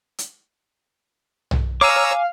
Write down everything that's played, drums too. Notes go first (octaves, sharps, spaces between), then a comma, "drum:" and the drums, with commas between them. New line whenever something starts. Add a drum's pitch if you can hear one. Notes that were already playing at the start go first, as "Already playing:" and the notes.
drum: hi-hat
drum: tom B1
C#5 F5 G#5 A#5 D6 E6